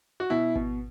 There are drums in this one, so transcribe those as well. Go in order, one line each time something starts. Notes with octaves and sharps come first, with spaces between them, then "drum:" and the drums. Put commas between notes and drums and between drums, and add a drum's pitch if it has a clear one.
F#4
B2 E4
B2, drum: kick G#1